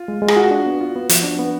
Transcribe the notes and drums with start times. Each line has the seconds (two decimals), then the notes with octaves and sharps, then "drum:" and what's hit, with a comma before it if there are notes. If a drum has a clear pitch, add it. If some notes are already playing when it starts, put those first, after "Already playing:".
Already playing: F4
0.08 G#3
0.22 G#3
0.28 G#4, drum: rim click
0.36 F4 F#4
0.51 D4
0.66 B3
0.81 F4
0.95 B3
1.09 F3, drum: hi-hat
1.23 D4
1.39 B3